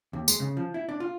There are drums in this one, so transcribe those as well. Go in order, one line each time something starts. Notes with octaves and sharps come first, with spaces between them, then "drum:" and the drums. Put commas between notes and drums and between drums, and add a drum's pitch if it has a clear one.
D#2
G#3, drum: tambourine
C#3
F3
E4
D4
F4